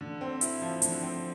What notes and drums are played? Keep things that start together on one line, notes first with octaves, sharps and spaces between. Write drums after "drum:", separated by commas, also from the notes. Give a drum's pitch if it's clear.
D3
C4
E4, drum: hi-hat
F3
D3, drum: hi-hat
C4